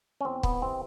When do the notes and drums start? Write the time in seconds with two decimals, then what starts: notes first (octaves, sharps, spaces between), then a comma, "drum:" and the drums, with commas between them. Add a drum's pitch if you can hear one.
0.21 C#4
0.25 E2 C4
0.43 B3, drum: kick
0.62 C3 E3 C4